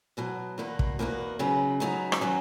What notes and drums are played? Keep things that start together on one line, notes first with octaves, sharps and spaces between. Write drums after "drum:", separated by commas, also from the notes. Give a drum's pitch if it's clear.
E2 B2 F#3
E2 B2 A#3 D#4 F#4
drum: kick
E2 B2 A#3 D#4 F#4
C#3 F#3 B3 D#4
C#3 F#3 B3 D#4
drum: rim click
D#3 F#3 C#4